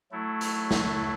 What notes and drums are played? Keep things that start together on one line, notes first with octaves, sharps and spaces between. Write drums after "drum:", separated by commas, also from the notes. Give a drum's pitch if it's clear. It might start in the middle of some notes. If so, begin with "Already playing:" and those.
F#3 A3 E4
drum: hi-hat
drum: snare